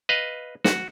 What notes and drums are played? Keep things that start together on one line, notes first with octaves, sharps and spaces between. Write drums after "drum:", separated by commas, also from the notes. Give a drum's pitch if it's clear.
B4 D#5 F5
F#4, drum: snare